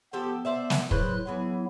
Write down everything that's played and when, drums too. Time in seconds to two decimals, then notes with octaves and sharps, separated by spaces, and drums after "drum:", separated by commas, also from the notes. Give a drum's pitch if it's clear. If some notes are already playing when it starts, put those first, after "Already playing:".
0.13 F3 B3 G4 A4
0.45 C5 D5 E5
0.70 drum: snare
0.91 A2 C#3 F#3 B4 C5 F#6, drum: kick
1.27 E3 F#3 B3 E4 G#4